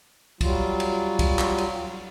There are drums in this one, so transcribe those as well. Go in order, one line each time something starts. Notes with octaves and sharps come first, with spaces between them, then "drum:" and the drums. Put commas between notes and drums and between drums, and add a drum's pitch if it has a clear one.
F#3 G3 F4, drum: kick, cymbal
drum: cymbal
drum: kick, cymbal
drum: clap
drum: cymbal